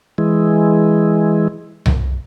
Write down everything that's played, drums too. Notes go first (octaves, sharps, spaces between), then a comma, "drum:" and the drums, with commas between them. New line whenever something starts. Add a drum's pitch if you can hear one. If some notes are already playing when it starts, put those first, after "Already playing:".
E3 G#3
drum: tom C2